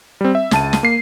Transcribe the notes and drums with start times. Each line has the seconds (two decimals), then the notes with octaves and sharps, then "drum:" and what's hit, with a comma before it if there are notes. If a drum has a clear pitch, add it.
0.21 G3 C4
0.35 E5
0.51 C#2 A5 D#7, drum: snare
0.73 drum: snare
0.83 A#3 C7